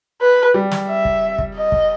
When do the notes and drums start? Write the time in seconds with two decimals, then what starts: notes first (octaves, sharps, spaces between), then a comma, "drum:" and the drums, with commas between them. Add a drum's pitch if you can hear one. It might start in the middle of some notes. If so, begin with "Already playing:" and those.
0.21 B4
0.54 G3
0.71 drum: snare
0.88 E5
1.05 drum: kick
1.38 drum: kick
1.55 D#5
1.72 drum: kick